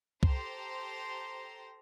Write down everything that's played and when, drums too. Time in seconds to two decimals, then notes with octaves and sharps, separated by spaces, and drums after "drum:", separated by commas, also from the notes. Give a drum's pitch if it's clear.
0.23 G4 A4 C5 A#5 C6, drum: kick C2